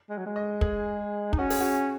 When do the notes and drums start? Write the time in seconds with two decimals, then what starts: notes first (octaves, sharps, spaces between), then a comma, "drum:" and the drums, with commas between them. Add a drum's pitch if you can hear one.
0.10 G#3
0.18 F#3
0.26 G#3
0.36 D#5
0.61 G#4, drum: kick
1.33 D#4, drum: kick
1.39 C#4 F#4
1.50 G#4, drum: open hi-hat
1.60 F#4